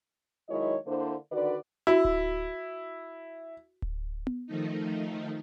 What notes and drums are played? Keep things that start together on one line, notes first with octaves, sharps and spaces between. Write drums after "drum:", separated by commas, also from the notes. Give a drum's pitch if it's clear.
D#3 F#3 G#3 E4 C#5 D#5
D3 A#3 D4 E4 C5
D3 D#3 F#4 B4 D5
E4 F#4 E6
drum: kick D1
drum: kick D1
drum: tom B3
D#3 F3 A3 D#4